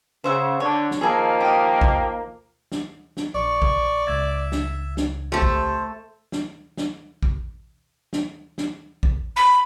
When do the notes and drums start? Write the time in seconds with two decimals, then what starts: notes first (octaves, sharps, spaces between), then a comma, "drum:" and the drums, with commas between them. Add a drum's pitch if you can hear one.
0.24 C#3 C5 E5 F#5
0.60 D3 C#5
0.91 drum: snare
1.01 D#3 F3 A#3 G#4 A4 G#5
1.41 G4 D#5
1.81 drum: kick A1
2.72 drum: snare
3.17 drum: snare
3.34 A#1 D5 C#6
3.62 drum: kick A1
4.07 C#2 E5 G#6 A6
4.52 drum: snare
4.97 drum: snare
5.32 C3 A3 A4 C5
5.42 drum: kick A1
6.32 drum: snare
6.77 drum: snare
7.23 drum: kick A1
8.13 drum: snare
8.58 drum: snare
9.03 drum: kick A1
9.36 B5